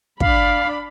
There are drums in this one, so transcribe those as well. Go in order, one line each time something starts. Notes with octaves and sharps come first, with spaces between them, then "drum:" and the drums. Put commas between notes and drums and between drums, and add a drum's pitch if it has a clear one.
D4 D5 F5 B5, drum: kick